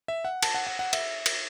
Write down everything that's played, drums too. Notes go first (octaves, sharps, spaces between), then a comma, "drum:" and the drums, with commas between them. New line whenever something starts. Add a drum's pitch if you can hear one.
E5
F#5
A5, drum: cymbal
F#5
F#5
F#5
E5, drum: cymbal
drum: cymbal